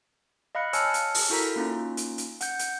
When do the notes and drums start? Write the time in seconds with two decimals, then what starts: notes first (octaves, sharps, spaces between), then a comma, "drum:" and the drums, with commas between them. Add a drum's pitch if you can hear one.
0.55 D#5 F5 B5 F#6 C#7
0.73 C#5 G#5 A5 E6 F6 C#7, drum: hi-hat
0.94 drum: hi-hat
1.15 drum: open hi-hat
1.30 E4 F#4 A4 A#4 A#5 B6
1.56 A#3 C#4 D#4 F4
1.97 drum: hi-hat
2.18 drum: hi-hat
2.41 F#5 G6, drum: hi-hat
2.59 drum: hi-hat